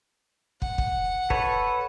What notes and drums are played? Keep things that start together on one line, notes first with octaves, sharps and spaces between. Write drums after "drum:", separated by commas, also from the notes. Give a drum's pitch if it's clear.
F#5, drum: kick
drum: kick
A4 B4 C#5, drum: kick